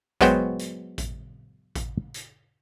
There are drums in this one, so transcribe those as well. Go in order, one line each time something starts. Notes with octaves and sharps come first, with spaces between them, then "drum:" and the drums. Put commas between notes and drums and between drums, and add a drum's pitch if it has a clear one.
F#3 G#3 B3 F#4 C5 G5, drum: kick A1, hi-hat
drum: hi-hat
drum: kick A1, hi-hat
drum: kick A1, hi-hat
drum: hi-hat